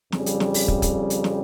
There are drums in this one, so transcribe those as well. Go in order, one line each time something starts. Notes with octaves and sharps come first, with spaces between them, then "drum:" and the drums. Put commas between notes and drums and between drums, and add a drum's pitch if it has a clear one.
F2 C#3 G3, drum: snare
drum: hi-hat
drum: snare
drum: open hi-hat
drum: kick
drum: kick, hi-hat
drum: hi-hat
drum: snare